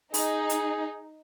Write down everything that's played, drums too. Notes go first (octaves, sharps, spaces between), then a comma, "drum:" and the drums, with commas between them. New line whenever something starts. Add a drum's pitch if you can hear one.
D#4 G#4, drum: open hi-hat
drum: hi-hat